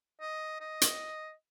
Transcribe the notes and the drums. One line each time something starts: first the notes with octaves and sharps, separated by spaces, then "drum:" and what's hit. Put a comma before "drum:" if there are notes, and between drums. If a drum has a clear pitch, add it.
D#5
D#5
drum: hi-hat